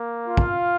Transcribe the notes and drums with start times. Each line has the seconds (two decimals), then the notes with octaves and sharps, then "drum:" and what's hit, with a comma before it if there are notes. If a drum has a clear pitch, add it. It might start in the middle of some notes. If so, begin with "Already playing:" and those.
Already playing: A#3
0.27 F4 F5
0.37 drum: kick